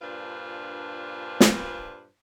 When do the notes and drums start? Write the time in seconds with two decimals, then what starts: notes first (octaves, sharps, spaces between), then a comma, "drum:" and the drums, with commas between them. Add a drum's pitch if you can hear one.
0.02 G2 A#2 D4 F4 B4 C5
1.40 drum: snare